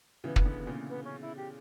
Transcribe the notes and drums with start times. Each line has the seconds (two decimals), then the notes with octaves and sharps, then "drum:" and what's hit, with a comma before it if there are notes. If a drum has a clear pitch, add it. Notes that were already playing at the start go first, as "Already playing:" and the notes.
0.24 C#3 E3 B3
0.36 drum: kick
0.45 B2 D3
0.67 A#2 C#3
0.89 B3
1.05 C#4
1.21 E4
1.37 G4